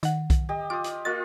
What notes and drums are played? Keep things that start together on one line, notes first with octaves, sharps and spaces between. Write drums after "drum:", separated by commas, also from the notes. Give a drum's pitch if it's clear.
D#3 F#5, drum: hi-hat
drum: kick B1, hi-hat
G4 D#5
F4 D6 D#6
drum: hi-hat
A#3 F4 D#5 A6